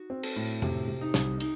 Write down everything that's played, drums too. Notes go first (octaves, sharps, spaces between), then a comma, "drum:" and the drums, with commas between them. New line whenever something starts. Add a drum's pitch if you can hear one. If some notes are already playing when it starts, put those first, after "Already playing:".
Already playing: D#4 F#4
C4
A4, drum: cymbal
A2
C3, drum: tom F2
C3
D#4
C2, drum: snare
D#4, drum: cymbal